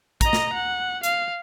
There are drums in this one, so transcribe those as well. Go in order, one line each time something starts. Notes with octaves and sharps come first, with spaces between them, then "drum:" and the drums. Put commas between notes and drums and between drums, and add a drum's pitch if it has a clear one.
D#5 A#5, drum: kick, hi-hat
drum: snare
F#5
F5, drum: hi-hat